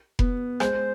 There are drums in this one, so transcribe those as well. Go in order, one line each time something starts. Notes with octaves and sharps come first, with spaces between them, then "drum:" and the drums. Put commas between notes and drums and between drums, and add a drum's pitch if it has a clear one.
B3, drum: kick F1
G#3 C5, drum: rim click